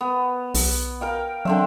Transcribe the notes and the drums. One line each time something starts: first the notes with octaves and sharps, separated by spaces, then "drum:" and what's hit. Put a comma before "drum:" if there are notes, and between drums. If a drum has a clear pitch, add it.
B3
B1, drum: open hi-hat
A#4 F5 G5
D3 F#3 C4 E5